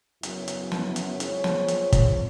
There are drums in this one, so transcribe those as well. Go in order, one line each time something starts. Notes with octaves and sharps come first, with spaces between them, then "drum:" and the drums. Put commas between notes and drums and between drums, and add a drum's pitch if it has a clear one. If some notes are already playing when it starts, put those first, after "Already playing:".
F#2 C#3 F#3 B3 E4, drum: hi-hat
drum: hi-hat
drum: snare
drum: hi-hat
G#3 C4 F4 G#4 C#5, drum: hi-hat
drum: snare
drum: hi-hat
drum: kick, hi-hat